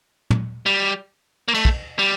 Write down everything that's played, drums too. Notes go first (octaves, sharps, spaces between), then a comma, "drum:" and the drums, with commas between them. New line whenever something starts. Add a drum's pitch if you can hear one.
drum: tom
G3
A#3
A3, drum: cymbal
drum: kick
G3